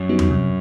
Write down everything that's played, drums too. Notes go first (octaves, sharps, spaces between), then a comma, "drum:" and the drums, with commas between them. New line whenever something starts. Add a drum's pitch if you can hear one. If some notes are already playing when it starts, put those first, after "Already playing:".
Already playing: F#2
G3 B3 D#4 F#4
drum: tom E2
C3